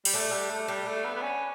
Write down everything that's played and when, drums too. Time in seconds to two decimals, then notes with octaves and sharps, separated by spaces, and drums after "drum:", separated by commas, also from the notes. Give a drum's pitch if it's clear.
0.05 G3, drum: open hi-hat
0.14 A3 D4
0.32 G3
0.50 A3
0.68 G3 D4
0.86 A3
1.04 B3
1.15 B3
1.22 C#4